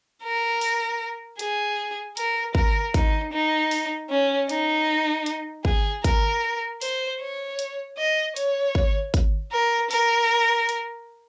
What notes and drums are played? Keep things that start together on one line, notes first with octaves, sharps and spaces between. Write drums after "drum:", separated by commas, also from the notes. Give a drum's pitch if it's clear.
A#4
drum: open hi-hat
G#4, drum: hi-hat
A#4, drum: hi-hat
A#4, drum: kick
D#4, drum: kick, hi-hat
D#4
drum: open hi-hat
C#4
D#4, drum: hi-hat
drum: hi-hat
G#4, drum: kick
A#4, drum: kick, hi-hat
C5, drum: open hi-hat
C#5
drum: hi-hat
D#5
C#5, drum: hi-hat
drum: kick
drum: kick, hi-hat
A#4
A#4, drum: open hi-hat
drum: hi-hat